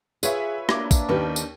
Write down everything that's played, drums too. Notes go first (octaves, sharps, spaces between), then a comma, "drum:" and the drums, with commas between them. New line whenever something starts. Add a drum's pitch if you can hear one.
F4 G#4 B4 C#5 E5, drum: tambourine
A#3 D4 D6 G#6, drum: rim click
drum: kick, tambourine
D#2 D#3 C#4 G4 B4
drum: tambourine